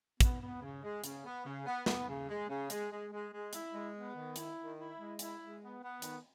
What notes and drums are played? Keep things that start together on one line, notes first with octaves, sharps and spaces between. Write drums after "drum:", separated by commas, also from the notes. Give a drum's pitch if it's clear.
B3, drum: kick, hi-hat
B3
C#3
G#3
C#3, drum: hi-hat
B3
C#3
B3
B3, drum: snare
C#3
G#3
C#3
G#3, drum: hi-hat
G#3
G#3
G#3
E4, drum: hi-hat
G#3
B3
D#3
E4, drum: hi-hat
D#3
E4
G#3
E4, drum: hi-hat
G#3
B3
B3
D#3, drum: hi-hat